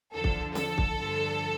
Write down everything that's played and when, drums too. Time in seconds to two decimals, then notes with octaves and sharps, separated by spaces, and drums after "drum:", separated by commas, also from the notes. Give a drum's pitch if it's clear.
0.13 E2 D3 F3 A4
0.24 drum: kick
0.55 A4, drum: snare C#4
0.78 drum: kick
0.98 G2 D3 F3